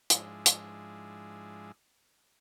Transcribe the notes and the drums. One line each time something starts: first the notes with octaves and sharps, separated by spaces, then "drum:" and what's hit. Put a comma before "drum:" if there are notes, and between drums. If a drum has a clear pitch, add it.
G#2 F3 G#3 D4 E4, drum: hi-hat
drum: hi-hat